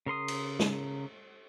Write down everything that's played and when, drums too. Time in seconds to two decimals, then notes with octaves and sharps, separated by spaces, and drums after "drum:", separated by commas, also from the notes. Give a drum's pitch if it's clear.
0.06 C#3 A#4 C6 D#6
0.28 drum: cymbal
0.59 drum: snare